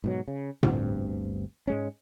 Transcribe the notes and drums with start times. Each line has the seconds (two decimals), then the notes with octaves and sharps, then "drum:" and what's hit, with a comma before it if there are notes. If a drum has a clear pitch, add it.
0.04 G#2 B2 F#3
0.28 C#3
0.63 G1 D2 G2 C4, drum: tom A2
1.67 G#2 G#3 C#4